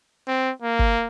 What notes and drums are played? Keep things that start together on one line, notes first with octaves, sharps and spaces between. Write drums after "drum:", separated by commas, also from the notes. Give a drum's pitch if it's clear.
C4
A#3
drum: kick G1